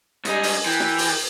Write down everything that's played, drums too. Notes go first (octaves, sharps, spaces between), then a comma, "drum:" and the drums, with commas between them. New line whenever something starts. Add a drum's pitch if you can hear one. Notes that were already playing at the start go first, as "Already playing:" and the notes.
G#2 G3 D#5 G#5, drum: hi-hat
drum: open hi-hat
E3 A#4 G5
drum: snare
drum: open hi-hat